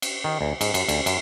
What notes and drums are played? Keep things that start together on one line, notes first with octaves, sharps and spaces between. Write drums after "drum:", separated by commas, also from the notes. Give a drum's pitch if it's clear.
drum: cymbal
D#3
D2
G#2, drum: cymbal
F#2, drum: cymbal
D2, drum: cymbal
F#2, drum: cymbal